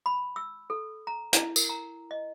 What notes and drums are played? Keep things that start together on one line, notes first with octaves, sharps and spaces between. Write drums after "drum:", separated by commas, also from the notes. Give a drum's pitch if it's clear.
B5
E6
A4
A#5
E4, drum: hi-hat
A#4, drum: tambourine
A#5
D#5